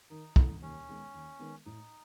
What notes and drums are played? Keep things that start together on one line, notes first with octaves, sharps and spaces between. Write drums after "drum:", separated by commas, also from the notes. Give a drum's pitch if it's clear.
D#3 D#4
A3 C#4 E4 A4, drum: kick
D#2 C#4
D#3 G#3 B3
D#2
D#3 G#3 B3
A2 D#4